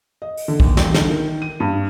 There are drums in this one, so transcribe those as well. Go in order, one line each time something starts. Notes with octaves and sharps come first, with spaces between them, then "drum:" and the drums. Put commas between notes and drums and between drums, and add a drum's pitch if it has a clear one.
D#5
drum: open hi-hat
D3
D#2, drum: kick A#1
E1, drum: snare
D3, drum: snare
D#3
D#7
G2